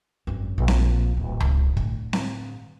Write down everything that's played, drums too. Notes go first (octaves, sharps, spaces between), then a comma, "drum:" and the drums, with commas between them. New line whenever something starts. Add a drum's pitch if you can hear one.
G#1 F#2
A#1
drum: snare C4
D1
drum: tom C#2
A2 D3, drum: kick
drum: snare C4